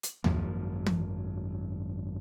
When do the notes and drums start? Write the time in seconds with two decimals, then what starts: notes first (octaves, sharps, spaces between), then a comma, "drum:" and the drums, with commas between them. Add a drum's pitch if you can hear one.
0.03 drum: hi-hat
0.24 G#1 F#2 F3 A#3, drum: tom D#2
0.86 drum: tom